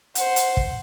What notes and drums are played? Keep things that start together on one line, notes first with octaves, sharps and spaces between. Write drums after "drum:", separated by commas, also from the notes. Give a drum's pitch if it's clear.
C5 F#5, drum: hi-hat
drum: hi-hat
drum: kick